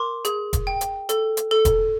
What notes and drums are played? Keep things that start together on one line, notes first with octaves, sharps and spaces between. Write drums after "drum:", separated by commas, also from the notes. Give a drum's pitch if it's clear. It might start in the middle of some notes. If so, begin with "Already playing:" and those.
Already playing: A#4 C6 D6
G#4, drum: hi-hat
drum: kick E1, hi-hat
G5
drum: hi-hat
A4, drum: hi-hat
drum: hi-hat
A4
drum: kick E1, hi-hat